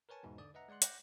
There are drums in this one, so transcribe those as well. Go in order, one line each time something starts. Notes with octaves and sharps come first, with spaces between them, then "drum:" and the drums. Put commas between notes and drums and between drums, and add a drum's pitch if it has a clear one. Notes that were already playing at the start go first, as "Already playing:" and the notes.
A#4 B4 C#5 G#5 A5 C#6
E2 G#2 B2 B3
D3 D5 D#6
B4 D#5 E5 F#5 A#5
G#3 D5 F#5 C6 F#6
F#5 D6 F#6 G6 A#6, drum: hi-hat